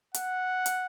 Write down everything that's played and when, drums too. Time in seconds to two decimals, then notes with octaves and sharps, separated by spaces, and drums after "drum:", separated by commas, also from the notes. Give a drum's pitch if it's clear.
0.14 F#5, drum: hi-hat
0.66 drum: hi-hat